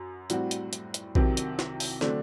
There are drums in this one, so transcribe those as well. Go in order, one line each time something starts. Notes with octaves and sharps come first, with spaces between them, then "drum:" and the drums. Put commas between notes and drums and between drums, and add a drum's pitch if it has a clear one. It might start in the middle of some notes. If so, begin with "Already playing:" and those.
Already playing: F#2 F#3
A2 G3 C4 F#4, drum: hi-hat
drum: hi-hat
drum: hi-hat
drum: hi-hat
C2 C3 D#3 F#3 C4, drum: kick A#1
drum: hi-hat
drum: snare
drum: open hi-hat
D3 F#3 A3 C4 D4, drum: snare